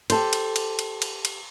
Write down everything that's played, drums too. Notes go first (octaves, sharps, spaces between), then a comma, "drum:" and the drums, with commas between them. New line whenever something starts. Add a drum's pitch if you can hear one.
G4 A4 C5, drum: cymbal
drum: cymbal
drum: cymbal
drum: cymbal
drum: cymbal
drum: cymbal